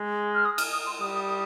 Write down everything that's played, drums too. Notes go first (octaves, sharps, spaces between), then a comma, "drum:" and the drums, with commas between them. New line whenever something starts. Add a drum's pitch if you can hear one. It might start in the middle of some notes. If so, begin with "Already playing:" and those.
Already playing: G#3
F6
D#6
F6, drum: cymbal
D#6
C6
G3 D#6
D#6
D#6